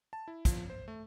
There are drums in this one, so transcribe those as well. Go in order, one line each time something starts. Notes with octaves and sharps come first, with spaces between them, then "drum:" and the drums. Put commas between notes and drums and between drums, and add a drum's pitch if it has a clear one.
A5
E4
F3, drum: kick, hi-hat
C5
A3